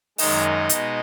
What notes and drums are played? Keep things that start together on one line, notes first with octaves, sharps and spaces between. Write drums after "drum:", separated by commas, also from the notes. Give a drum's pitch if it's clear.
F#2 D#3 G#3 D#4 D#5, drum: open hi-hat
B2 G#3, drum: hi-hat